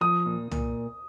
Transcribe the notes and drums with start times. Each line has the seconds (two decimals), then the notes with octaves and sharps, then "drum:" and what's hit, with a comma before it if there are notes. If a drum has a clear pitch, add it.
0.01 F3 D#6
0.26 A#2
0.51 A#2, drum: tom